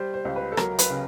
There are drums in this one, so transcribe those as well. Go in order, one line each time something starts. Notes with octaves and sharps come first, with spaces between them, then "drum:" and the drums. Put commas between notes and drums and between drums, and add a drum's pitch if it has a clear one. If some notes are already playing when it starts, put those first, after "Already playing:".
Already playing: G3 C5
C5
C#2
B4
A4
F#3 A#4, drum: rim click
B4, drum: hi-hat
C#3